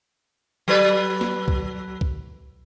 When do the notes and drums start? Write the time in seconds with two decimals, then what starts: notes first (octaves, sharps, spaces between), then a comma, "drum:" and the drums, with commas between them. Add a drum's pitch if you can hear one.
0.68 F#3 A4 B4
1.21 drum: snare
1.48 drum: kick C2
2.01 drum: kick C2